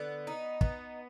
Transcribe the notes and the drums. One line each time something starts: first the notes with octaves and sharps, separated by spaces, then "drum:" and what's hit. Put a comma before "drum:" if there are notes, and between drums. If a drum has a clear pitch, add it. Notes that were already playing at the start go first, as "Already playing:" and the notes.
Already playing: D3 B3
D#4
B3, drum: kick